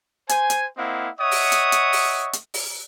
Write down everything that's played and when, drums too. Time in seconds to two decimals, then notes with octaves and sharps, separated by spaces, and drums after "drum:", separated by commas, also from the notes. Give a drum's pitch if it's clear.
0.29 C5 G#5, drum: hi-hat
0.50 drum: hi-hat
0.78 A#3 C4 E4 D#5 F5 F#5
1.19 C#5 D#5 E5 F#5 C#6 D#6
1.31 drum: open hi-hat
1.52 drum: hi-hat
1.72 drum: hi-hat
1.93 drum: open hi-hat
2.33 drum: hi-hat
2.54 drum: open hi-hat